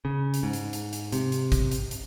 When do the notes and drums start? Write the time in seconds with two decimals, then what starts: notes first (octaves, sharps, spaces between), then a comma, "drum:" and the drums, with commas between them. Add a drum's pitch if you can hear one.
0.05 C#3
0.34 drum: hi-hat
0.43 G#2
0.53 drum: hi-hat
0.73 drum: hi-hat
0.93 drum: hi-hat
1.12 C3, drum: hi-hat
1.32 drum: hi-hat
1.52 drum: kick G#1, hi-hat
1.71 drum: hi-hat
1.91 drum: hi-hat